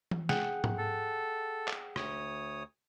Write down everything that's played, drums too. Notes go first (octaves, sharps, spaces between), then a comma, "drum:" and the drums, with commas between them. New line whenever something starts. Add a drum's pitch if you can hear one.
drum: tom E3
G#4 F#5 G5, drum: snare
drum: tom G#2
A4
drum: clap
D2 C#5 D#6, drum: rim click